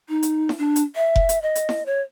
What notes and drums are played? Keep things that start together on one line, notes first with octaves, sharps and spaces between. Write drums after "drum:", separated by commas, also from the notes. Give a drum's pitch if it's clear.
D#4
drum: hi-hat
drum: snare E4
D4
drum: hi-hat
E5
drum: kick F1
drum: hi-hat
D#5
drum: hi-hat
drum: snare E4
C#5